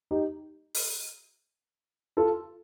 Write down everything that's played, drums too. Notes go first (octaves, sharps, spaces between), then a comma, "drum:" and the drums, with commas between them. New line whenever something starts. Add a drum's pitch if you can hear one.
D#4 G4
drum: open hi-hat
F4 A4